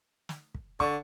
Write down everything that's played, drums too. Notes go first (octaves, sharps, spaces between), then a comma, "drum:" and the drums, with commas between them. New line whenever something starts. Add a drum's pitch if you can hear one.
drum: snare
drum: kick
D3 D5 C#6, drum: kick